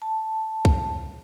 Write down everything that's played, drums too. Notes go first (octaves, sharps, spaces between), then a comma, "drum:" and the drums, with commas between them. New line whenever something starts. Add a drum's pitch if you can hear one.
A5
drum: kick